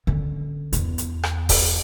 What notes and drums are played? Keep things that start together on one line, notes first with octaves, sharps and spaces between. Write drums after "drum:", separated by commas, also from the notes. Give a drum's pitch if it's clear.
D3 C#4
E2 B3, drum: hi-hat
drum: hi-hat
drum: rim click
drum: kick D#1, open hi-hat